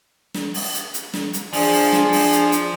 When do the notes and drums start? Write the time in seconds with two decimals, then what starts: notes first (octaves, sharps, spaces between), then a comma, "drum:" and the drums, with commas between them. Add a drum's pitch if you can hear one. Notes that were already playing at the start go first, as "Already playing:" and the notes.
0.34 drum: snare
0.54 drum: open hi-hat
0.74 drum: hi-hat
0.94 drum: hi-hat
1.14 drum: snare
1.33 drum: hi-hat
1.53 F3 D4 G#4, drum: open hi-hat
1.73 drum: open hi-hat
1.93 drum: snare
2.12 drum: open hi-hat
2.32 drum: hi-hat
2.52 drum: hi-hat